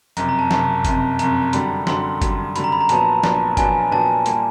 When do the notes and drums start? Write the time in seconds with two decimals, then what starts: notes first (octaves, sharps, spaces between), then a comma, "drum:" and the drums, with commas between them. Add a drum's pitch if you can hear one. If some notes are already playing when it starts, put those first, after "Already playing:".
0.17 F#1 F2 C3 A#5, drum: hi-hat
0.29 A#5
0.39 A5
0.51 F#1 F2 C3 A5, drum: snare
0.85 F#1 F2 C3 A5, drum: kick G1, hi-hat
1.19 F#1 F2 C3 A#5, drum: hi-hat
1.53 F#2 D3 G3 B5, drum: hi-hat
1.87 F#2 D3 G3 C6, drum: snare
2.22 F#2 D3 G3, drum: kick G1, hi-hat
2.56 F#2 D3 G3 B5, drum: hi-hat
2.64 A#5
2.72 B5
2.80 A#5
2.89 A#1 A#2 F#3 B3 D4 A5, drum: hi-hat
3.23 A#1 A#2 F#3 B3 D4, drum: snare
3.57 A#1 A#2 F#3 B3 D4 G#5, drum: kick G1, hi-hat
3.91 A#1 A#2 F#3 B3 D4 A5
4.26 A#2 G3 A#3, drum: hi-hat